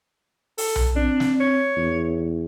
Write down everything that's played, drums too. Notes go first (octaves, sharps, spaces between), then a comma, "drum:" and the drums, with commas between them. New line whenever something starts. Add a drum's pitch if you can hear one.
A4, drum: open hi-hat
drum: tom B1
C4 D4
drum: snare
C#5
E2